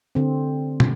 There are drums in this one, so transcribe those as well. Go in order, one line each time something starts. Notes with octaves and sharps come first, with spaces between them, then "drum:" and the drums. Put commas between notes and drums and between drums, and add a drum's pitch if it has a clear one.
D3 C4
drum: tom